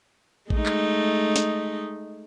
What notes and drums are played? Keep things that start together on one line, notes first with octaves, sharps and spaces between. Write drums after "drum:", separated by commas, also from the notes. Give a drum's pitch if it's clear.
G#3 A3 D#4, drum: kick A#1
drum: clap
drum: snare